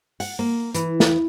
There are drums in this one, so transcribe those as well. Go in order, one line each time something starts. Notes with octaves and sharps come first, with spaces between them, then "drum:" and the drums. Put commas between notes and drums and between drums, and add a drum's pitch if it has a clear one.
F#5, drum: open hi-hat
A#3
E3, drum: hi-hat
drum: snare